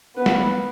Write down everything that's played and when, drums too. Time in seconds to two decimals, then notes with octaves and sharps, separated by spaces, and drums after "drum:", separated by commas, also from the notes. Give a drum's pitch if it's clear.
0.17 B3 B4
0.26 drum: snare